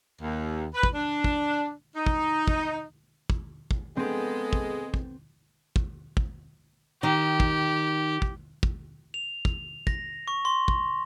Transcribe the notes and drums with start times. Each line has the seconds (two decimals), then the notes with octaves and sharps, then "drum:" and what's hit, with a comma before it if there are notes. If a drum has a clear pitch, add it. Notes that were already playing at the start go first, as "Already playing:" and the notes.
0.22 D#2
0.74 B4
0.83 drum: kick
0.95 D4
1.24 drum: kick
1.96 D#4
2.06 drum: kick
2.48 drum: kick
3.30 drum: kick
3.71 drum: kick
3.97 G#3 B3 C4 A4
4.53 drum: kick
4.94 drum: kick
5.76 drum: kick
6.17 drum: kick
7.03 D#3 G4
7.40 drum: kick
8.22 drum: kick
8.63 drum: kick
9.14 F7
9.45 drum: kick
9.87 A#6, drum: kick
10.28 C#6
10.45 C6
10.68 drum: kick